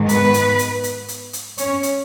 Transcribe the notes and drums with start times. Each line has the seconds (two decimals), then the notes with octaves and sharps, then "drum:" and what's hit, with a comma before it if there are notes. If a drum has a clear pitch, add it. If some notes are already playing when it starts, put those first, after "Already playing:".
Already playing: G#2 D#3
0.09 B3 B4, drum: hi-hat
0.34 drum: hi-hat
0.59 drum: hi-hat
0.84 drum: hi-hat
1.08 drum: hi-hat
1.33 drum: hi-hat
1.58 C#4 C#5, drum: hi-hat
1.83 drum: hi-hat